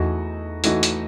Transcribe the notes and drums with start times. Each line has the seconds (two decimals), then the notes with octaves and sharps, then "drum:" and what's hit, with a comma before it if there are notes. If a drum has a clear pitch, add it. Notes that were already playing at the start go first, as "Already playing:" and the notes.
Already playing: E2 E3 A3 D#4 F#4
0.64 E3 A3 D#4 F#4, drum: hi-hat
0.83 drum: hi-hat